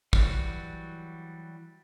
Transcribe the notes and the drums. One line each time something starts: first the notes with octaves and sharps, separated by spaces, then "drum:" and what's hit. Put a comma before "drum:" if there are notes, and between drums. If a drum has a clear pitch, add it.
E3 F#3 G3 F#4, drum: kick